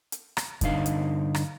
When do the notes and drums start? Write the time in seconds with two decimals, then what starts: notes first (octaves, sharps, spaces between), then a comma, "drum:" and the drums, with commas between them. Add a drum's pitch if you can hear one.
0.12 drum: hi-hat
0.37 drum: rim click
0.61 G2 D3 D#4 F5, drum: kick, hi-hat
0.86 drum: hi-hat
1.35 drum: rim click